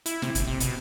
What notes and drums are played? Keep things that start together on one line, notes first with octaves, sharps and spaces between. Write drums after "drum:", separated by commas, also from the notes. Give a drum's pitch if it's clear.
E4, drum: hi-hat
C3, drum: snare
G1, drum: hi-hat
C3
B2, drum: hi-hat